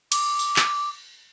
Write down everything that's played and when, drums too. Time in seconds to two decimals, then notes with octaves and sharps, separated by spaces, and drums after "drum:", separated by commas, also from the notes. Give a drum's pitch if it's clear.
0.12 D6, drum: cymbal
0.39 drum: tambourine
0.56 drum: clap